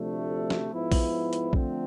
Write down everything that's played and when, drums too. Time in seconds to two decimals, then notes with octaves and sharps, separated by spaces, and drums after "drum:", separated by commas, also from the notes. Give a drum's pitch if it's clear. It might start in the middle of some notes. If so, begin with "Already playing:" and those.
Already playing: D2 C3 F3 A3 D4
0.50 drum: snare
0.71 G#2 F3 B3 E4
0.92 drum: kick A#1, open hi-hat
1.33 drum: hi-hat
1.53 D3 F3 A3 C4, drum: kick A#1